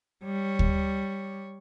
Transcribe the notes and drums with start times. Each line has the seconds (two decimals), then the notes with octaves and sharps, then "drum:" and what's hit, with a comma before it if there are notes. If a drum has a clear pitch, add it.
0.24 G3 C#5
0.59 drum: kick D2